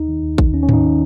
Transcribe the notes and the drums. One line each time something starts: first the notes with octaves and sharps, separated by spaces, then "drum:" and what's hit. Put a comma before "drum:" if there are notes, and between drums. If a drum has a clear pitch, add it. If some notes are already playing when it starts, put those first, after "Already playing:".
Already playing: D#2 D#4
D#3
D#2
D#3, drum: kick A1
D#2 C#4
C#4
D#3 D#4, drum: tom G#2